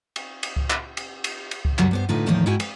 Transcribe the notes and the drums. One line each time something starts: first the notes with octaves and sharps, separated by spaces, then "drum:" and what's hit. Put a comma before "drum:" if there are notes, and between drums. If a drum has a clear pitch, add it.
drum: cymbal
drum: cymbal
drum: kick C#2
drum: clap
drum: cymbal
drum: cymbal
drum: cymbal
drum: kick C#2
F#2 C#3 F#3 G3 C#4, drum: clap
G2 B3 C5
A2 D3 D#4 F4 B4
E2 A2 D#3 F3 A#3 D#4
G#2 B3 E4 F#4 G5 G#5
B4, drum: cymbal